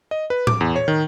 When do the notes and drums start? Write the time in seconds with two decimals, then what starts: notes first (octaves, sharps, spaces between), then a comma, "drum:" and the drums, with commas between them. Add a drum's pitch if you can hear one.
0.11 D#5
0.30 B4
0.47 D6, drum: tom A2
0.61 E2
0.76 C#5
0.88 D#3